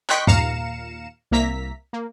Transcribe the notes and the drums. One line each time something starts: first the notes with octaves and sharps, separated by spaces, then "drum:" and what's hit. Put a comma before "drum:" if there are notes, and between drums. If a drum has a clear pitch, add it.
D#5 G5 C6 C#6 F#6 B6, drum: clap
D#2 A#2 F5 A#5 C#7 E7, drum: tom G2
C2 A#3 E5 A#5 B6
A#3